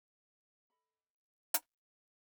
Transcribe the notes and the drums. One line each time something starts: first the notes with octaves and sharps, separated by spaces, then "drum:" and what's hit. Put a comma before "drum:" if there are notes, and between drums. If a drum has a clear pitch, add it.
A4 D#5 B5
drum: hi-hat